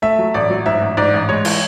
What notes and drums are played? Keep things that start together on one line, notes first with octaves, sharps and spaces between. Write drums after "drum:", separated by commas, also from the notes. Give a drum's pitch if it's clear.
A3 E5
F#3
A1 D5
F#3
G#2 E5
A1
G#2 D5
A1
G#3 C#5
E3, drum: cymbal